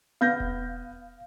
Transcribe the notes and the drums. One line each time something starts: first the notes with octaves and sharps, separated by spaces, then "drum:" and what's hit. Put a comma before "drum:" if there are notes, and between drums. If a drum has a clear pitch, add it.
B3 F5 G6 A#6
drum: kick E1